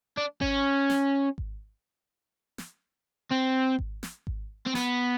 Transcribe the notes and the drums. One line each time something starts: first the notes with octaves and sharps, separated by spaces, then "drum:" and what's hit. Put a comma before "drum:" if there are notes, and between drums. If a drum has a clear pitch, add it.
D4
C#4, drum: kick G#1
drum: snare
drum: kick G#1
drum: snare
C4
drum: kick G#1
drum: snare
drum: kick G#1
C4
B3, drum: snare